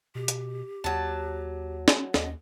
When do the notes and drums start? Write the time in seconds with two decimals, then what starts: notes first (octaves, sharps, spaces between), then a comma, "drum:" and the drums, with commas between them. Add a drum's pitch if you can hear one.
0.15 B2 G4
0.28 drum: hi-hat
0.84 D#2 F#3 A5
1.88 drum: snare
2.14 D#2 D#5, drum: snare